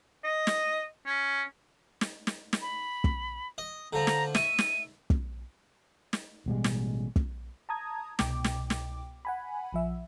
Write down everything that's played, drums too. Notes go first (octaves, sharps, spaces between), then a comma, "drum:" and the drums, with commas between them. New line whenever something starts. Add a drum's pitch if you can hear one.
D#5
drum: snare
C#4
drum: snare
drum: snare
drum: snare
B5
drum: kick
D#5
D3 F3 A#5
drum: snare
E5 C#6 D#7, drum: snare
drum: snare
drum: kick
drum: snare
A1 B2 G3 G#3
drum: snare
drum: kick
A5 A#5 D#6 G#6
C2 B2 G5 D6, drum: snare
drum: snare
drum: snare
F#5 G#5 B5
A#1 F3 E5